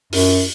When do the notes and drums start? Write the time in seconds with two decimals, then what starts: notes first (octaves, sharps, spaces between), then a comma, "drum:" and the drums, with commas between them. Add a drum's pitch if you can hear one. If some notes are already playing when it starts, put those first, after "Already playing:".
0.13 F#2, drum: open hi-hat